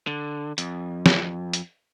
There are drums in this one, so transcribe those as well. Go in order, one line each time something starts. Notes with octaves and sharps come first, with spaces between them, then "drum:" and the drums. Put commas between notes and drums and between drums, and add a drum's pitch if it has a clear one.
D3
F2, drum: hi-hat
drum: snare
drum: hi-hat